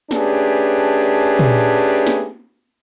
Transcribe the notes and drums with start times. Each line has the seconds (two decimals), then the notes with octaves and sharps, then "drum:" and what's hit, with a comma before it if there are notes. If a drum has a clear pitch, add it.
0.11 A3 C#4 D4 G4 G#4 B4, drum: snare
1.39 drum: tom A#2
2.07 drum: snare